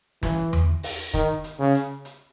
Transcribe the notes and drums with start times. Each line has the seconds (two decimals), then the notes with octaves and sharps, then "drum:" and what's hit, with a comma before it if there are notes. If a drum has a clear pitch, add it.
0.23 E3, drum: snare
0.53 drum: tom E2
0.83 drum: open hi-hat
1.14 D#3, drum: kick, hi-hat
1.44 drum: hi-hat
1.59 C#3
1.75 drum: hi-hat
2.05 drum: hi-hat